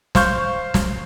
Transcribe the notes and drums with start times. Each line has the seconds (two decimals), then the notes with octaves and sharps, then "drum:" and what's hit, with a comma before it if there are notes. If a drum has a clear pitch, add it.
0.15 C5 F5 C#6 G6, drum: snare
0.74 drum: snare